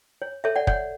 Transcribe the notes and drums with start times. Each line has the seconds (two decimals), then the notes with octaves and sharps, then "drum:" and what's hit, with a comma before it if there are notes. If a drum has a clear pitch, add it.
0.22 C#5
0.44 A4 C#5 E5
0.56 D5 F#5
0.67 C#5 D5 F#5, drum: kick